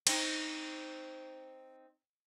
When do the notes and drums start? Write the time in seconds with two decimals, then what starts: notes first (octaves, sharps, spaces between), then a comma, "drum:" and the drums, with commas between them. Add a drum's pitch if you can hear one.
0.07 C4 D#4, drum: cymbal